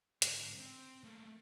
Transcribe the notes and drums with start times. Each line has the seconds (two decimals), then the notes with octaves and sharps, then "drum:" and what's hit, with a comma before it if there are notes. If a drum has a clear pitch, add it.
0.22 G#2 D3, drum: hi-hat
0.59 C4
1.04 A3 A#3